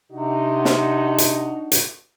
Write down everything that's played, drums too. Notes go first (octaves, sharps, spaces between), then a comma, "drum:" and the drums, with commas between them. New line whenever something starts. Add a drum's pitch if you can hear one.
C3 D4 D#4 F#4
drum: snare
drum: hi-hat
drum: hi-hat